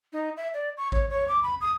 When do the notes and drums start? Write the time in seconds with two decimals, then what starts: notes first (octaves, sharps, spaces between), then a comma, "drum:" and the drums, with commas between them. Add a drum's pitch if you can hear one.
0.13 D#4
0.37 E5
0.54 D5
0.77 C#6
0.92 C#5, drum: kick A1
1.10 C#5
1.28 D6
1.43 B5
1.61 D#6